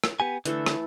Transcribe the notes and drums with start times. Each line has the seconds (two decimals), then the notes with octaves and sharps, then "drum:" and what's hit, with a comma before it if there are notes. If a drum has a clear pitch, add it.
0.04 drum: rim click
0.20 B3 G4 G#5
0.45 D3 E3 A3 A4, drum: hi-hat
0.66 drum: rim click